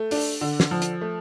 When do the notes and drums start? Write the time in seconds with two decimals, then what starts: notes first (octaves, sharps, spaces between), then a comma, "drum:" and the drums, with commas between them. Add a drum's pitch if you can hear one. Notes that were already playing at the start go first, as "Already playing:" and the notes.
Already playing: A3
0.11 D4, drum: open hi-hat
0.41 D3
0.60 drum: snare
0.71 F3
0.82 drum: hi-hat
1.01 A3